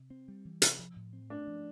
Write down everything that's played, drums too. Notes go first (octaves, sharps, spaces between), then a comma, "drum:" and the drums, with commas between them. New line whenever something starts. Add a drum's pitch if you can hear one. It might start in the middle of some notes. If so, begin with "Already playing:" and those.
Already playing: C3
C4
G3
E3
C3, drum: hi-hat
F3
A2
C4
A3 D4
F3